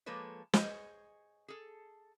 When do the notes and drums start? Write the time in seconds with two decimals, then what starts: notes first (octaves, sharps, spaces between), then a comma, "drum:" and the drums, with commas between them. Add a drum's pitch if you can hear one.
0.06 F3 G#3 A#3 A4 B4 C#5
0.54 G#4 C5 C#5 D#5 G#5, drum: snare
1.48 G#4 A4